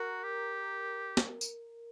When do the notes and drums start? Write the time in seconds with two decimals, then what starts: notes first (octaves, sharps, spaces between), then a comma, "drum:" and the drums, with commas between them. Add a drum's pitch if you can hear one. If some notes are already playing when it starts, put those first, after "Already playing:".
Already playing: F#4 A#4
0.23 G4
1.17 drum: snare
1.41 drum: tambourine